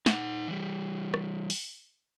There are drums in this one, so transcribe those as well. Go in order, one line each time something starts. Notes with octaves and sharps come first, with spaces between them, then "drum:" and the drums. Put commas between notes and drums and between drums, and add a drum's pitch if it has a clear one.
D#4 F#5, drum: snare
E3 G3
drum: rim click
drum: open hi-hat